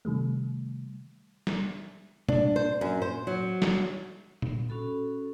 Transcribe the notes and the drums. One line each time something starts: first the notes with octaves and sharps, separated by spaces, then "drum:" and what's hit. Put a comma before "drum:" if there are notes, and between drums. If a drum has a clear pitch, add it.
C3 D#3 G3 A3
drum: snare
D4, drum: tom B2
C5
F#2
C5
F#3
drum: snare
drum: tom A#2
C#4 F#4 A4 B5